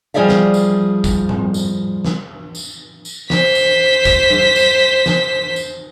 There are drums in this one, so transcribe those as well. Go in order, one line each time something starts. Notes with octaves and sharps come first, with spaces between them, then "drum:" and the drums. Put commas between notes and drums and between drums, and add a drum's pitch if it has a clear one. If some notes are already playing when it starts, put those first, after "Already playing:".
F3 G3 G#4 D5 E5 F5
drum: snare
drum: tambourine
drum: kick G1, tambourine
drum: tom A2
drum: tambourine
drum: snare
drum: tambourine
drum: tambourine
C5 B6, drum: snare
drum: tambourine
drum: kick G1, tambourine
drum: tom F#3
drum: tambourine
drum: snare
drum: tambourine